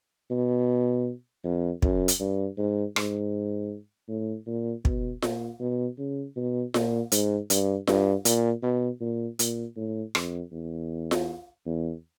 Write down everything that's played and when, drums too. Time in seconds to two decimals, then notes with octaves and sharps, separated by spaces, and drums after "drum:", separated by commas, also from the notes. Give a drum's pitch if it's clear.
0.31 B2
1.44 F2
1.82 F#2, drum: kick
2.08 drum: hi-hat
2.20 G2
2.58 G#2
2.96 G#2, drum: rim click
4.09 A2
4.47 A#2
4.85 B2, drum: kick
5.22 A#2, drum: snare F4
5.60 B2
5.98 C#3
6.36 B2
6.74 A#2, drum: snare F4
7.12 G#2, drum: hi-hat
7.50 G2, drum: hi-hat
7.87 G2, drum: snare F4
8.25 A#2, drum: hi-hat
8.63 B2
9.01 A#2
9.39 A#2, drum: hi-hat
9.76 A2
10.15 F2, drum: rim click
10.52 E2
11.11 drum: snare F4
11.66 E2